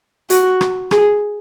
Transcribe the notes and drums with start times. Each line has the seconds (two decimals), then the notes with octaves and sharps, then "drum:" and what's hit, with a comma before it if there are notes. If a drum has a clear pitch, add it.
0.30 F#4, drum: hi-hat
0.61 drum: rim click
0.91 G#4, drum: rim click